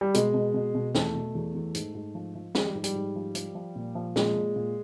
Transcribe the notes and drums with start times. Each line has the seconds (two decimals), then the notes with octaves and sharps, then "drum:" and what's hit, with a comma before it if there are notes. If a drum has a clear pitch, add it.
0.01 G3
0.14 B2 G#3, drum: hi-hat
0.34 B2
0.54 B2
0.75 B2
0.95 E2 A3, drum: snare
1.14 B2
1.35 E2
1.55 E2
1.75 G#2, drum: hi-hat
1.95 G#2
2.15 F3
2.35 F3
2.55 F3 G#3, drum: snare
2.65 G3
2.75 G#2
2.84 G3, drum: hi-hat
2.95 G#2
3.16 F3
3.35 F3, drum: hi-hat
3.55 F3
3.76 A#2
3.95 F3
4.16 A#2 G#3, drum: snare
4.35 A#2
4.56 A#2